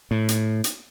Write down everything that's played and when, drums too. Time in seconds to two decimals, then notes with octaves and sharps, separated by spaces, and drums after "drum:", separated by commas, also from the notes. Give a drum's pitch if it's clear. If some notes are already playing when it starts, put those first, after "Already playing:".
0.11 A2
0.29 drum: hi-hat
0.64 drum: hi-hat